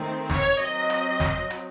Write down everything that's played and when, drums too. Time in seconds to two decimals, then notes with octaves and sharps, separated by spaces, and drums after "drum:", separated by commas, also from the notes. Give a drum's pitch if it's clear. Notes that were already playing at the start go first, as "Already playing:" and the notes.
Already playing: D#3 A3 C4
0.30 C#5, drum: snare
0.59 F#3 C4 D#5
0.90 drum: hi-hat
1.20 drum: snare
1.50 drum: hi-hat